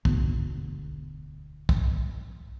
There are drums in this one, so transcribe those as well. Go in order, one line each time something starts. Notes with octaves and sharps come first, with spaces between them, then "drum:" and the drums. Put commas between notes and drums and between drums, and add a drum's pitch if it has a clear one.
E1 D2 G#2 B3, drum: kick
drum: kick